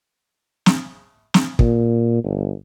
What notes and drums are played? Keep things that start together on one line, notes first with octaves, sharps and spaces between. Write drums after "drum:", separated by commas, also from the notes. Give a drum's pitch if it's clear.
drum: snare
drum: snare
A#2, drum: kick
G1